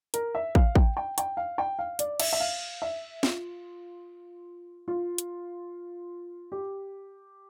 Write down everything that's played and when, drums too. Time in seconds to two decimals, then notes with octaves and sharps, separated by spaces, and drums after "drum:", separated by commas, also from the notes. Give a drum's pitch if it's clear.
0.14 A#4, drum: hi-hat
0.35 E5
0.55 F5, drum: kick
0.75 G5, drum: kick
0.97 G5
1.18 G5, drum: hi-hat
1.37 F5
1.58 G5
1.79 F5
1.99 D5, drum: hi-hat
2.20 E5, drum: cymbal
2.33 E5
2.40 F5
2.82 E5
3.23 F4, drum: snare
4.88 F4
5.18 drum: hi-hat
6.52 G4